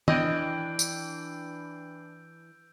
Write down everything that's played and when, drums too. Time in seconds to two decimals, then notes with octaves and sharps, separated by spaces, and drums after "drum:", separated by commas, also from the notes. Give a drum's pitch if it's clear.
0.08 E3 D4 D#5 G5 E6 G6 D7, drum: tom
0.79 drum: tambourine